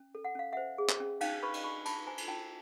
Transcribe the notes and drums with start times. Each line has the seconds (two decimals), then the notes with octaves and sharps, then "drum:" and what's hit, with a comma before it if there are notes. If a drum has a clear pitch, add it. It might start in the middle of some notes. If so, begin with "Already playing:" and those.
Already playing: C#4
0.15 A4
0.25 F#5
0.35 C#4 F5
0.53 C5 E5 F#5
0.78 G#4
0.89 drum: clap
1.00 C#4
1.21 D#4 F5 G5, drum: cymbal
1.43 B4 B5 C#6
1.53 drum: cymbal
1.64 D#4 B5 C#6
1.85 D4 A5 B5, drum: cymbal
2.06 C5 G#5 A#5
2.18 drum: cymbal
2.28 D4 G5 A5